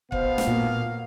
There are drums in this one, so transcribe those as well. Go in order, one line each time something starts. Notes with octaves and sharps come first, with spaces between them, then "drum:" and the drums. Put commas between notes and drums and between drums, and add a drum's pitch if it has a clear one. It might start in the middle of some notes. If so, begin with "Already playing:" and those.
B2 B3 C5 F5, drum: kick
drum: snare
A#2 A#3